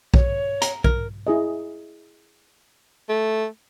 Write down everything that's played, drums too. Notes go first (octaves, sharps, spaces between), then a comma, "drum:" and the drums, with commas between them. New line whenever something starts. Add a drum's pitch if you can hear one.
C#5, drum: kick B1
A#5, drum: hi-hat
A#4, drum: kick B1
E4 G#4 D#5
A3